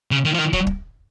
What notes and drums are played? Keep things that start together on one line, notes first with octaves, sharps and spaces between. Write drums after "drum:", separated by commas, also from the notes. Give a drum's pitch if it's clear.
C#3
D#3
F3
D#3
F#3, drum: kick
drum: kick